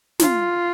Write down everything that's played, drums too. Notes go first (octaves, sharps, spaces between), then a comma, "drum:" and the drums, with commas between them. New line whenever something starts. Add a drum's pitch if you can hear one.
F4, drum: snare